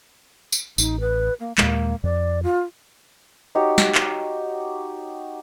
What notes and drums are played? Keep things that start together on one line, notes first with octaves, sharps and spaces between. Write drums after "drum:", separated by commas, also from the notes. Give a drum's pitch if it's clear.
drum: tambourine
A1 D#4, drum: tambourine
B4
A#3
D#2 A#2 G#3 A#3, drum: clap
F2 D5
F4
D#4 F#4 G4 C#5
drum: snare
drum: clap